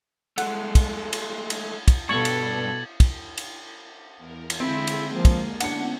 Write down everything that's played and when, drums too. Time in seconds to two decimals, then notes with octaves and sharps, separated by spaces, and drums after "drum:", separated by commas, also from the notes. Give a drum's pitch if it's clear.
0.38 G#3 A3 F#5, drum: cymbal
0.75 drum: kick, cymbal
1.13 drum: cymbal
1.50 drum: cymbal
1.88 drum: kick, cymbal
2.09 G2 B2 A4 C#6 G#6 A6 F#7
2.25 drum: cymbal
3.00 drum: kick, cymbal
3.37 drum: cymbal
4.18 E2 A#4
4.50 drum: cymbal
4.60 D3 G#3 C4 E4 G#4
4.87 drum: cymbal
5.13 F3 A#3
5.25 drum: kick, cymbal
5.60 B3 C#4 D4 E4 F#5 C#7, drum: cymbal